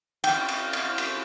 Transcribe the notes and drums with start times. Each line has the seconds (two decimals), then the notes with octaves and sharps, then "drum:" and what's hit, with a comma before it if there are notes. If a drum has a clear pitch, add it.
0.24 G5, drum: cymbal
0.48 drum: cymbal
0.73 drum: cymbal
0.98 drum: cymbal